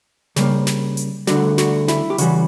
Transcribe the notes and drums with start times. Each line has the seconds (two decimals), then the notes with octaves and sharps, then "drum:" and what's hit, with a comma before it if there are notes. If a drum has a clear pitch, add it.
0.36 C#3 G3 A#3, drum: snare
0.67 drum: snare
0.97 drum: hi-hat
1.27 D2 D3 G3 F#4, drum: snare
1.58 F#4, drum: snare
1.88 E4, drum: snare
2.10 G4
2.18 C#3 E3 G3 F#4, drum: hi-hat